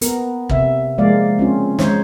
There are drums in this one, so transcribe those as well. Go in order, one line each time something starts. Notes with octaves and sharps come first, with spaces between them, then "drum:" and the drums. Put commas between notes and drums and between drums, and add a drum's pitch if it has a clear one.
B3 A#4, drum: hi-hat
C3 E5, drum: kick
F3 G#3 A#3 D5 F5
C4 C#4 F4
G#3 D#4 C5 C#5, drum: snare